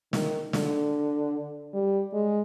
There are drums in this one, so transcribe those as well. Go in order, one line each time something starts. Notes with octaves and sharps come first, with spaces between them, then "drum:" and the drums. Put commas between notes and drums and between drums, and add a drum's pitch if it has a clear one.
D#3, drum: snare
D3, drum: snare
G3
G#3